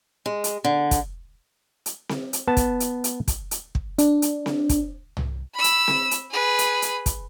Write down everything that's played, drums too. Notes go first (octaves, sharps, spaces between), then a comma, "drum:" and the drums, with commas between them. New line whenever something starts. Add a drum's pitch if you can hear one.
G#3
drum: hi-hat
D3
drum: kick, hi-hat
drum: hi-hat
drum: snare C4
drum: hi-hat
B3 A5
drum: kick, hi-hat
drum: hi-hat
drum: hi-hat
drum: kick, hi-hat
drum: hi-hat
drum: kick
D4, drum: hi-hat
drum: hi-hat
drum: snare C4
drum: kick, hi-hat
drum: tom C2
B5 E6
drum: hi-hat
drum: snare C4
drum: hi-hat
G#4 B4
drum: hi-hat
drum: hi-hat
drum: kick, hi-hat